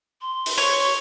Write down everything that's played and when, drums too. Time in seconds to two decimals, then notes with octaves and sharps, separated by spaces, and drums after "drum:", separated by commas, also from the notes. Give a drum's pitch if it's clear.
0.21 C6
0.46 drum: open hi-hat
0.58 C#5